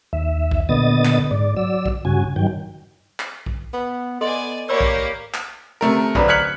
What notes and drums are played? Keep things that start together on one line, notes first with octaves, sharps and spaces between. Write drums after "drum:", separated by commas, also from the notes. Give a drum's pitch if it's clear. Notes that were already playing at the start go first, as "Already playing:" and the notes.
D#2 E5
drum: kick B1
A#2 D3 B3 D#5 D#6 A6
drum: clap
G#2 D5
F#3 D5 E6
drum: kick B1
G2 C#3 F#4 G#5
G2 D#3 F#3 G5
drum: clap
drum: kick B1
B3
B3 A4 D5 D#5 G#5 C6
A#3 G4 A#4 C#5 D5 B5 E6
drum: kick B1
drum: clap
C3 A3 A#4
D1 D4 B4 A#5, drum: kick B1
F6 F#6 G#6 B6 C#7 F#7